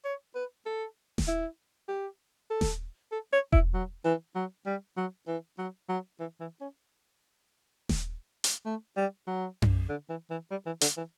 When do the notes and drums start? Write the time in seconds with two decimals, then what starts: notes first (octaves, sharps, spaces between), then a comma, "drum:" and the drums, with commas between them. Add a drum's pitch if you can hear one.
0.05 C#5
0.35 B4
0.66 A4
1.18 drum: snare D#1
1.28 E4
1.88 G4
2.51 A4
2.61 drum: snare D#1
3.12 A4
3.33 C#5
3.53 E4, drum: kick E1
3.74 F#3
4.05 E3
4.35 F#3
4.66 G3
4.97 F#3
5.27 E3
5.58 F#3
5.89 F#3
6.20 E3
6.40 E3
6.61 C#4
7.89 drum: snare D#1
8.44 drum: hi-hat
8.66 A3
8.97 G3
9.27 F#3
9.62 drum: tom F#2
9.89 D3
10.09 E3
10.30 E3
10.51 G3
10.66 E3
10.81 D3, drum: hi-hat
10.97 E3